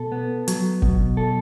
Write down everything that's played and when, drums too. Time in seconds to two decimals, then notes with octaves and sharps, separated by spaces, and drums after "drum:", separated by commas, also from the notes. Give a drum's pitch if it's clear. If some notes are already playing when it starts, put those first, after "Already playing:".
Already playing: B2 A4
0.12 B3
0.48 F#3, drum: hi-hat
0.82 B2, drum: kick
1.17 A4